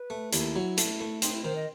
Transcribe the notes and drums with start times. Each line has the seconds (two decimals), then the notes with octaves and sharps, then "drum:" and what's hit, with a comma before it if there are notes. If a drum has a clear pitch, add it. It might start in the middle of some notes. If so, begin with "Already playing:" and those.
Already playing: B4
0.10 A3
0.32 D#2 E4, drum: hi-hat
0.56 F#3
0.77 A3, drum: hi-hat
1.01 A3
1.22 C4 D#4, drum: hi-hat
1.33 E4
1.44 D#3 C5
1.56 D#5